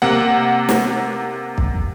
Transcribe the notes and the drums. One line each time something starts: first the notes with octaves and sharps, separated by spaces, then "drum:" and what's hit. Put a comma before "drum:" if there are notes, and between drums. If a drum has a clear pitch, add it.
C3 A#3 F#5
drum: snare
drum: kick